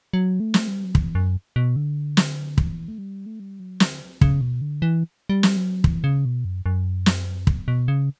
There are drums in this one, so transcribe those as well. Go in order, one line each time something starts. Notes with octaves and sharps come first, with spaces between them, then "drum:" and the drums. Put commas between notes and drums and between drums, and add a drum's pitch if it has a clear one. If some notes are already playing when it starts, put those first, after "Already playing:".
F#3
A3
drum: snare
G3
F#3
E3, drum: kick
F#2
B2
D3
drum: snare
E3, drum: kick
A3
G3
A3
G3
F#3
D3, drum: snare
C#3, drum: kick
B2
D3
E3
G3
drum: snare
F#3
E3, drum: kick
C#3
B2
F#2
F#2
drum: snare
drum: kick
B2
C#3